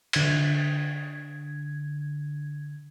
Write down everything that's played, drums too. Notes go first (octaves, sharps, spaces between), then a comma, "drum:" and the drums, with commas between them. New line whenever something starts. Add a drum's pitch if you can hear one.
D3 G#6, drum: cymbal